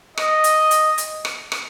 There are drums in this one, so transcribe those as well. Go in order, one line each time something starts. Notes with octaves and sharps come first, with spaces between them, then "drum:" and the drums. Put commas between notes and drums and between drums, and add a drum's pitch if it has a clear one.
D#5, drum: rim click
drum: hi-hat
drum: hi-hat
drum: hi-hat
drum: rim click
drum: rim click